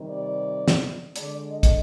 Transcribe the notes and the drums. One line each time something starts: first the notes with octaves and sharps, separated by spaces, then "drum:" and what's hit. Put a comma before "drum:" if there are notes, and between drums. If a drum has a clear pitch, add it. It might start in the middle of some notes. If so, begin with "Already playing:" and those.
Already playing: C3 D#3 G3
D5
drum: snare
D3 G#3 D5, drum: hi-hat
D#5
drum: kick, hi-hat